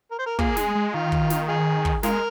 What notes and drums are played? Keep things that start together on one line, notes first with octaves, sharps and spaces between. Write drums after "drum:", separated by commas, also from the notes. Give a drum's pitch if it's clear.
A#4
C5
A#4
A#3 F4 G#4, drum: kick
G#3, drum: snare
G#3
D#3 F4
drum: kick
drum: snare
F4 G#4
drum: kick
G#3 F4 A#4, drum: snare